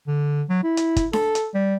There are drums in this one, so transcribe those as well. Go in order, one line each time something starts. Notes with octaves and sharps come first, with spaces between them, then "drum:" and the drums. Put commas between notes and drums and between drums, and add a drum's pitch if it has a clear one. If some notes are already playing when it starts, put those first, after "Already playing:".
D3
F#3
E4
drum: hi-hat
drum: kick G1, hi-hat
A4, drum: snare D4
drum: hi-hat
G3